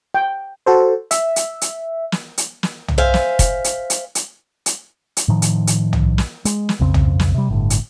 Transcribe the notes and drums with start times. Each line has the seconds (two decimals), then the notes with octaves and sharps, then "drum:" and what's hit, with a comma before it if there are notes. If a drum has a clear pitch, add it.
0.14 G5
0.66 F#4 A4 C5
1.11 E5, drum: hi-hat
1.36 drum: hi-hat
1.61 drum: hi-hat
2.12 drum: snare
2.38 drum: hi-hat
2.63 drum: snare
2.88 drum: tom
2.98 C5 E5 F5 G#5
3.14 drum: snare
3.39 drum: kick, hi-hat
3.64 drum: hi-hat
3.90 drum: hi-hat
4.15 drum: hi-hat
4.66 drum: hi-hat
5.17 drum: hi-hat
5.28 A2 D#3 F3
5.42 drum: hi-hat
5.67 drum: hi-hat
5.93 drum: tom
6.18 drum: snare
6.45 G#3, drum: hi-hat
6.69 drum: snare
6.80 B1 F2 C#3 C4
6.94 drum: tom
7.20 drum: snare
7.34 C3 G3
7.49 G1 A2 D3
7.70 drum: hi-hat